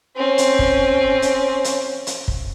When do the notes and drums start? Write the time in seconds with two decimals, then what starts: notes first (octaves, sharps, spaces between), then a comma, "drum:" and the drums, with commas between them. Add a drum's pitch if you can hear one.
0.17 C4 C#4
0.38 drum: hi-hat
0.59 drum: kick
1.22 drum: hi-hat
1.64 drum: hi-hat
2.07 drum: hi-hat
2.28 drum: kick